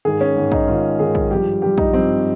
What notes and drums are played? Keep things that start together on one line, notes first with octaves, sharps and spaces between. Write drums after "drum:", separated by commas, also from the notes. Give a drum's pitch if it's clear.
G#2 D#3 G#4
C#4
G#2 D#3
D#4, drum: kick
G#2 D#3 F4
G#2 D#3 G#4
drum: kick
G2 F3 G4
G2 F3 G4
D#4, drum: kick
G2 F3 C4